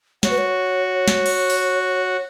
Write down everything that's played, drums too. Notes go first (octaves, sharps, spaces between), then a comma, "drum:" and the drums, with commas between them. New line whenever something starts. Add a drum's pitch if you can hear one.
F#4 C#5, drum: snare
B4
C#5
drum: snare
drum: cymbal
drum: open hi-hat